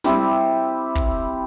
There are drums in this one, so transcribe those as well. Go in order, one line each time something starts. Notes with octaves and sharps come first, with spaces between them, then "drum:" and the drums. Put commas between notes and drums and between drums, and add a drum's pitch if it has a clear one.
G3 C4 E4 G4, drum: snare
drum: kick